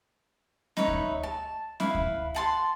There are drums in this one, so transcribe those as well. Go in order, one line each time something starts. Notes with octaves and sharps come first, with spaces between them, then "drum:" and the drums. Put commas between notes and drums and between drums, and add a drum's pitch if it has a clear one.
D#4 B4 C#5 E5, drum: snare C#4
drum: kick D2
A5
E4 B4 F5, drum: snare C#4
drum: kick D2
F#5 A5 C6